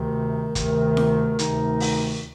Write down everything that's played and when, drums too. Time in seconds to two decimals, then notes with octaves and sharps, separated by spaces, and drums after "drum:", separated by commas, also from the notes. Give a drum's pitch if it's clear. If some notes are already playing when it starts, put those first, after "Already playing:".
Already playing: D2 C3 D#3
0.55 D2 C3 D#3, drum: kick, hi-hat
0.97 drum: snare E4
1.39 D2 C3 D#3 D#4, drum: hi-hat
1.80 drum: open hi-hat